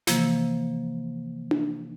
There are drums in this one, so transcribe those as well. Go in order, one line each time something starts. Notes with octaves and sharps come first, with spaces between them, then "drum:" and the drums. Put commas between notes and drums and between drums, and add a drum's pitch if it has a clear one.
C3 E3 F3 A#3, drum: snare
drum: tom D4